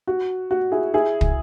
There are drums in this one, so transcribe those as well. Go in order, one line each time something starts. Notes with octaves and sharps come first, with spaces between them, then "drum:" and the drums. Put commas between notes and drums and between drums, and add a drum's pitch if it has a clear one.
F#4
F#4
E4 G#4
E4 G#4
drum: kick